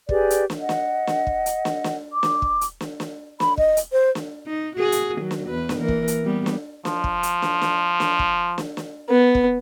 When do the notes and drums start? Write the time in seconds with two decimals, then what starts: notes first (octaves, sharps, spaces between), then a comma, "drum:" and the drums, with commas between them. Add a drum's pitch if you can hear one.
0.09 G4 G#4 B4 D5, drum: kick
0.30 drum: hi-hat
0.50 drum: snare
0.60 D#5 F#5
0.69 drum: snare
1.07 drum: snare
1.27 drum: kick
1.46 drum: hi-hat
1.65 drum: snare
1.84 drum: snare
2.11 D6
2.23 drum: snare
2.42 drum: kick
2.61 drum: hi-hat
2.81 drum: snare
3.00 drum: snare
3.40 B5, drum: snare
3.57 D#5, drum: kick
3.77 drum: hi-hat
3.92 C5
4.15 drum: snare
4.47 D#4
4.77 F#4 G#4
4.92 drum: hi-hat
5.18 D#3 F#3
5.31 drum: snare
5.49 E2 B4
5.69 drum: snare
5.79 E3 A#3 A#4
5.88 drum: kick
6.08 drum: hi-hat
6.23 G3 B3
6.46 drum: snare
6.85 F3, drum: snare
7.04 drum: kick
7.23 drum: hi-hat
7.42 drum: snare
7.62 drum: snare
8.00 drum: snare
8.19 drum: kick
8.58 drum: snare
8.77 drum: snare
9.09 B3
9.35 drum: kick